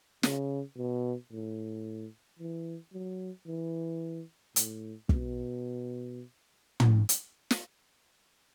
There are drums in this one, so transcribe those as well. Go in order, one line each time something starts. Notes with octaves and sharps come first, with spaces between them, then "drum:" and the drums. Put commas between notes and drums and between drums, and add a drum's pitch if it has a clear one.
C#3, drum: snare
B2
A2
E3
F#3
E3
A2, drum: hi-hat
B2, drum: kick
drum: tom
drum: hi-hat
drum: snare